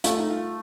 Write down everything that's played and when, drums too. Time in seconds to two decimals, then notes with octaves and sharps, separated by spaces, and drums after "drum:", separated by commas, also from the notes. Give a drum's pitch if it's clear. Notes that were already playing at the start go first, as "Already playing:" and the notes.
0.04 A3 F4, drum: hi-hat
0.18 D#4
0.30 F4